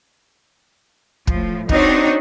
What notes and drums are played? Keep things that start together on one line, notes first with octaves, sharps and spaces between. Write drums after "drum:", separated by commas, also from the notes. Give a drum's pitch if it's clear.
A2 F3, drum: kick
C4 D4 D#4 F#4 C#5, drum: kick